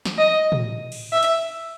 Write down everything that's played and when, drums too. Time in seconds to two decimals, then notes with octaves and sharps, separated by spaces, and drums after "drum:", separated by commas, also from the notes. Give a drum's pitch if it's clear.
0.05 drum: snare
0.18 D#5
0.52 drum: tom
0.92 drum: cymbal
1.12 E5
1.23 drum: hi-hat